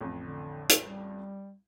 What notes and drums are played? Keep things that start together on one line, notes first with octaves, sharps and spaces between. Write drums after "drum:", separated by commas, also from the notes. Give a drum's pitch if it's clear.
A1 F2
D3
drum: hi-hat
G3